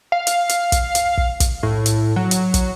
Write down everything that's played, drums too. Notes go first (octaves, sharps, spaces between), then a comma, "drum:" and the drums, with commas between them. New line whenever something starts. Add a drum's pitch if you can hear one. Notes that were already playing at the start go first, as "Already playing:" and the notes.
F5
drum: hi-hat
drum: hi-hat
drum: kick, hi-hat
drum: hi-hat
drum: kick
drum: kick, hi-hat
A2
drum: hi-hat
F#3
drum: hi-hat
drum: kick, hi-hat